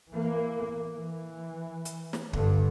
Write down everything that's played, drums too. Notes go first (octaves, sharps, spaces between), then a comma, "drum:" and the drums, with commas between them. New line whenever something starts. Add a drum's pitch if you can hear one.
E3 A#3
E3
drum: hi-hat
drum: snare
G2 D3, drum: kick